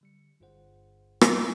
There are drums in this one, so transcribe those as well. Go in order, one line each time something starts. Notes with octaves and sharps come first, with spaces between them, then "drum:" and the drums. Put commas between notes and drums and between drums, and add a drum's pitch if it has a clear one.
D3 G3 C#7
G1 G2 F4 G#4 C5 F#5
drum: rim click